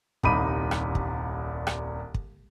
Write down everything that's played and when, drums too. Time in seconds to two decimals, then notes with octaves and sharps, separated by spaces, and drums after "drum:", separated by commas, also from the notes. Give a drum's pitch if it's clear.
0.23 D#1 C2 D#4 B5 D6 D#7, drum: kick
0.71 drum: rim click
0.95 drum: kick
1.67 drum: rim click
2.14 drum: kick